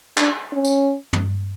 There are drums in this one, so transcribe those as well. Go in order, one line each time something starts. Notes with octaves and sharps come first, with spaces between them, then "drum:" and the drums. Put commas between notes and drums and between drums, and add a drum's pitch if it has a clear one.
D4, drum: clap
C#4
drum: tambourine
drum: tom